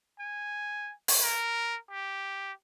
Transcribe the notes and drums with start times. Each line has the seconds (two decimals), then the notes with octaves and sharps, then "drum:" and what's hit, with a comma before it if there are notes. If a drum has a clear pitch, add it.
0.19 G#5
1.08 drum: open hi-hat
1.22 A#4
1.91 G4